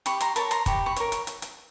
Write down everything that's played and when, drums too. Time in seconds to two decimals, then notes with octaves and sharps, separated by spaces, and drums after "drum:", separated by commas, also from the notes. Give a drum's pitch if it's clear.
0.06 G4 B5 C#6, drum: hi-hat
0.21 A#5 C6, drum: hi-hat
0.36 A#4 C#5 A5 B5, drum: hi-hat
0.51 A#5 C6, drum: hi-hat
0.66 G4 B5 C#6, drum: kick, hi-hat
0.86 B5 C#6
0.96 A#4 C#5, drum: hi-hat
1.12 drum: hi-hat
1.27 drum: hi-hat
1.42 drum: hi-hat